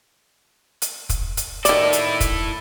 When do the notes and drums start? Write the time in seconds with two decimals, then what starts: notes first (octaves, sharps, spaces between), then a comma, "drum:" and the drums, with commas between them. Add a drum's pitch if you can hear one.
0.82 drum: hi-hat
1.09 drum: kick, hi-hat
1.37 drum: hi-hat
1.65 D#3 E4 A4 D5, drum: hi-hat
1.93 drum: hi-hat
2.20 drum: kick, hi-hat